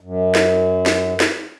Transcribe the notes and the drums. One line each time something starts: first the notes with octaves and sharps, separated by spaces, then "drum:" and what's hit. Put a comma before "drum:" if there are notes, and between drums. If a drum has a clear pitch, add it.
F#2
drum: snare
drum: snare
drum: snare